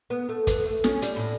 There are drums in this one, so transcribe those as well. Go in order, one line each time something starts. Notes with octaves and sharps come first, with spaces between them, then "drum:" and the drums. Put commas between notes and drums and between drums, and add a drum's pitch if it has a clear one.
B3
A3
B3, drum: kick, hi-hat
A3
C#4, drum: snare
G3, drum: hi-hat
A2